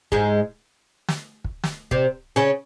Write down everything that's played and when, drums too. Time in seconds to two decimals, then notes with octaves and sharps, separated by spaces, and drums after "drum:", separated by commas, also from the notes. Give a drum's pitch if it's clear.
0.12 G#2 G#3, drum: kick
1.08 drum: snare
1.44 drum: kick
1.64 drum: snare
1.91 C3 C4, drum: kick
2.36 C#3 C#4